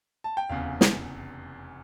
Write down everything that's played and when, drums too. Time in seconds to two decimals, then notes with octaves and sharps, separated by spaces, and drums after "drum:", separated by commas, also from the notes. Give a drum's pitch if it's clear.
0.24 A5
0.37 G5
0.49 F1 E2 C#3 F5
0.81 drum: snare